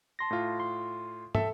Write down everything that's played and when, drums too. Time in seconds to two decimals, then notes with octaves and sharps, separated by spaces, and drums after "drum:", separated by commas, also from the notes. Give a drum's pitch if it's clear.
0.19 A5 C6 A#6
0.31 A2 F4
0.60 C6
1.35 A4 E5 G5, drum: tom